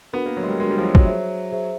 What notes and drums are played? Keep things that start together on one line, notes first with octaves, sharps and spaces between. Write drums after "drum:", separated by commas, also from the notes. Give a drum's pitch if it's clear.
B3 D4 F#4 A#4
A#3
F#3
G#3
G3
G#3 D4 F#4 A#4
G3
F3
F#3
F#3, drum: kick
G#4 C5 E5
G#4 C5 E5